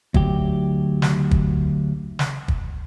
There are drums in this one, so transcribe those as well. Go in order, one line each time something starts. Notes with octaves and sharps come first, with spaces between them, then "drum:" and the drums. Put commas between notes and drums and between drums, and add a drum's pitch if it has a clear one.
D2 F#3 G4, drum: kick
drum: snare
drum: kick
drum: snare
drum: kick